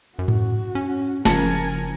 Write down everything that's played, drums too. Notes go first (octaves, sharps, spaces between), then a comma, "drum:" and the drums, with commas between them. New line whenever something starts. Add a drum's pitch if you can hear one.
F#2 F#4
drum: tom G#2
C#4
F#1 C#3 F3 A#4 G#5 A5 C#7, drum: snare